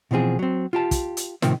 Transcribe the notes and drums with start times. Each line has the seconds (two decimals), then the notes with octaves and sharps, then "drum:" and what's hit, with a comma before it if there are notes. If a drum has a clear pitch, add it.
0.11 B2 E3 F3 C4 G#4
0.39 F#3 C4
0.73 F4 G4 A5
0.91 drum: kick, hi-hat
1.17 drum: hi-hat
1.42 A2 C3 D#3 F3 C4, drum: snare